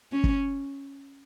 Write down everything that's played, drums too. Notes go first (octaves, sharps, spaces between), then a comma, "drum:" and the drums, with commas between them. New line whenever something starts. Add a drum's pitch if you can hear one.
C#4
drum: kick